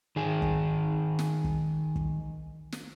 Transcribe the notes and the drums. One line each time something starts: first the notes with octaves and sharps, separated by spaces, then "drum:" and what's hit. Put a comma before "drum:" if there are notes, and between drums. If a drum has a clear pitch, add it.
D#3 G#4
drum: kick
drum: snare
drum: kick
drum: kick
drum: snare